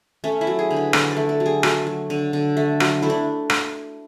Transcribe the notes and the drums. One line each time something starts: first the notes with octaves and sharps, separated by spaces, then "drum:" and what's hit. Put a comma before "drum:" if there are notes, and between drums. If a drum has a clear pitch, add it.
A3 C#4
E4
F#3
G#4
D3
B4
D3 D5, drum: rim click
D5
A3
A4
F#3
G#4
A3 F#4, drum: rim click
F#3
D3
D3
A3
F#3, drum: rim click
A3 E4
D4
drum: rim click